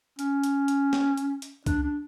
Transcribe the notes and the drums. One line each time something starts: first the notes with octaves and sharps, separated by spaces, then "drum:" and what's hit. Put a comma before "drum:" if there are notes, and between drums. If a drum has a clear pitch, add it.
C#4, drum: hi-hat
drum: hi-hat
drum: hi-hat
drum: snare
drum: hi-hat
drum: hi-hat
D4, drum: kick, hi-hat
D4